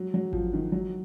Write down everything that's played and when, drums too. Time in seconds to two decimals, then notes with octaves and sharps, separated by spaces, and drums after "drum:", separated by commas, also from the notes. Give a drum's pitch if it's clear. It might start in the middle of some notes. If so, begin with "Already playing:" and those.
Already playing: F#3
0.14 F#3
0.33 F3, drum: kick G#1
0.53 D#3
0.72 F#3